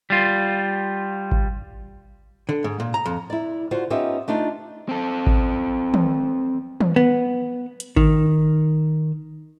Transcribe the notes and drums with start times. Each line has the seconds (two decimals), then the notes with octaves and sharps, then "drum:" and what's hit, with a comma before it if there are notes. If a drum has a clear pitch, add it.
0.10 G3 F4
1.32 drum: kick G#1
2.49 D3
2.64 G#2
2.80 A#2
2.94 A#5
3.05 F2
3.30 E4 D5
3.71 D3 F4 F#4 C5
3.90 B3 C#4 D#4 F4 G4 E5
4.28 A3 D4 D#4 F4
4.89 C4 A4
5.27 drum: kick G#1
5.94 drum: tom
6.80 drum: tom
6.96 B3
7.80 drum: hi-hat
7.96 D#3, drum: kick G#1